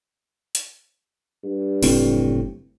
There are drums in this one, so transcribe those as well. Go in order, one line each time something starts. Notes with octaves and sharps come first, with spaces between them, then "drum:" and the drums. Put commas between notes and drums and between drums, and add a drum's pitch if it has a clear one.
drum: hi-hat
G2
F#1 A2 C4, drum: open hi-hat